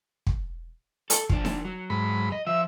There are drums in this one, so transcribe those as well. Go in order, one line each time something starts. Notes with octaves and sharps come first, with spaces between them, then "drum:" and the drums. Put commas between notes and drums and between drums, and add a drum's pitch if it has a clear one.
drum: kick
A4, drum: hi-hat
F3 D4, drum: kick
drum: snare D#4
F#3
G#2 B5
D#5
F3 E5